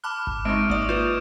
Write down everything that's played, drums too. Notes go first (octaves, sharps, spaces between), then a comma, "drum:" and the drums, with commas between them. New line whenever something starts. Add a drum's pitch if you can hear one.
A5 B5 D6 F6 F#6
drum: kick G#1
C3 G#3 D#4 C#6 F6 D7
A#3 D5 D#6, drum: kick G#1
F4 B4 G6 G#6 E7